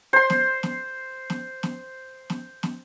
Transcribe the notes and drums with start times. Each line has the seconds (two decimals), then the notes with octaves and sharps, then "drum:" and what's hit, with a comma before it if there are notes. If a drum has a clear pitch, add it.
0.13 C5 C6
0.30 drum: snare
0.63 drum: snare
1.30 drum: snare
1.63 drum: snare
2.30 drum: snare
2.63 drum: snare